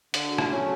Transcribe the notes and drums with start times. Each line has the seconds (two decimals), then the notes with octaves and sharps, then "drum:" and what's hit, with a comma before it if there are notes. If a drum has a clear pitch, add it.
0.14 D3 F#4 G#4, drum: hi-hat
0.38 drum: rim click
0.50 F#3 A3 C#4